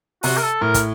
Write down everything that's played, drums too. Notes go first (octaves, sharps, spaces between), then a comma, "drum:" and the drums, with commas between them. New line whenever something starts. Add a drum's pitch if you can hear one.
C3 F#4, drum: open hi-hat
A#4
A4
A2 A#4
drum: kick, hi-hat